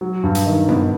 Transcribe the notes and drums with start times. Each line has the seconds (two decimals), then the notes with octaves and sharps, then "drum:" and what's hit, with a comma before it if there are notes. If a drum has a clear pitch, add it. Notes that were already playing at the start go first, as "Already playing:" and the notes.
0.01 F#3
0.24 G2
0.35 drum: hi-hat
0.46 D#3
0.68 B3, drum: tom F#2